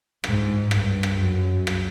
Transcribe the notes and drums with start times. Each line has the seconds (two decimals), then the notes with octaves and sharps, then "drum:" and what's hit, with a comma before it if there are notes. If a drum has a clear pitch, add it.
0.24 G#2, drum: rim click
0.71 G2, drum: rim click
1.03 drum: rim click
1.20 F#2
1.67 drum: rim click